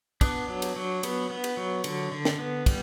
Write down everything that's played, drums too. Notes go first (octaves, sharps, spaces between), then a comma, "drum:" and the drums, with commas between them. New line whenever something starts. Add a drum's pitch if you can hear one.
B3 D4, drum: kick, cymbal
F#3
drum: cymbal
F#3
B3, drum: cymbal
B3
drum: cymbal
F#3
D3, drum: cymbal
D3
drum: snare
B3
G3, drum: kick, cymbal